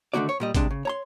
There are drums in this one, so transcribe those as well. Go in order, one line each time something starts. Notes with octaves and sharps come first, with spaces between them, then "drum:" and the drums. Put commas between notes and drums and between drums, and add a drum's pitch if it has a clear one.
D3 D#3 A3 A#3 F#4 D5
C#5
A#2 G3 D#5
G2 C3 G#3 D4, drum: kick, hi-hat
C#3
C#5 A#5 C6